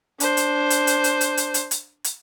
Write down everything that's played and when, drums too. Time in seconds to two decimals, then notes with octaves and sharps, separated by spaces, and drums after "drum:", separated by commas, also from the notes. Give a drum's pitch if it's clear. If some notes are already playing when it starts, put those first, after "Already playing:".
0.20 D4 C5, drum: hi-hat
0.37 drum: hi-hat
0.70 drum: hi-hat
0.87 drum: hi-hat
1.04 drum: hi-hat
1.21 drum: hi-hat
1.37 drum: hi-hat
1.54 drum: hi-hat
1.71 drum: hi-hat
2.04 drum: hi-hat